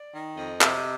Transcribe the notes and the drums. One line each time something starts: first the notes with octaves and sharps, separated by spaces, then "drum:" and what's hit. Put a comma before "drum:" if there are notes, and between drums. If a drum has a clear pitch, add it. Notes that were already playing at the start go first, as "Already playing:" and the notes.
Already playing: D5
D#3
F2 D#5
C3, drum: clap